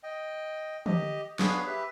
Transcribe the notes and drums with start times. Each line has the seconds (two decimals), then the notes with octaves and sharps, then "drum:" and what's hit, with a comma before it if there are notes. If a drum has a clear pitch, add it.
0.03 D#5 G5
0.86 G4 D#5, drum: tom
1.39 B3 D4 G#4 B4 C#5 F5, drum: snare
1.67 G4 B4 E5